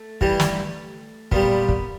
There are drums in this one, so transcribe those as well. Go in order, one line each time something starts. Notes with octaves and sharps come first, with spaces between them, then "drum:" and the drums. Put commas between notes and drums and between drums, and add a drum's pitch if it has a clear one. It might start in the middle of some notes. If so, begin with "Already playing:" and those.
Already playing: A3
G2 E3 G3, drum: kick
drum: snare
A#2 G3 B3, drum: kick
drum: kick